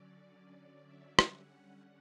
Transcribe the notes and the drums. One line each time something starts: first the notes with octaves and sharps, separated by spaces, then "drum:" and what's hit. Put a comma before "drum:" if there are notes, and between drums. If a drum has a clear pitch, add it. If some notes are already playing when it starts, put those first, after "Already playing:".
Already playing: D3 F#3 C#4 D5
D5
E5
D3 G3 C#4 F#5, drum: rim click